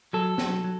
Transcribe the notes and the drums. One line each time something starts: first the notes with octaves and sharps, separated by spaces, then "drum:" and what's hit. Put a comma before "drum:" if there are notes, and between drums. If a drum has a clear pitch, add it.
F#3 A4
F#3, drum: snare
F#3